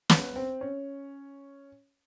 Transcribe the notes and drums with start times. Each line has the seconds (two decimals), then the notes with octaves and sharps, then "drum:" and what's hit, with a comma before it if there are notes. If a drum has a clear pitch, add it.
0.10 B3, drum: snare
0.36 C4
0.61 C#4